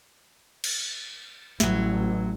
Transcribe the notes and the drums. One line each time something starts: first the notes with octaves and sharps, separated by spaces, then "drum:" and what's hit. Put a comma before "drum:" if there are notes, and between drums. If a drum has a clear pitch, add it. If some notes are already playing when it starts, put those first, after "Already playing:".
drum: cymbal
A1 F#3 E4, drum: snare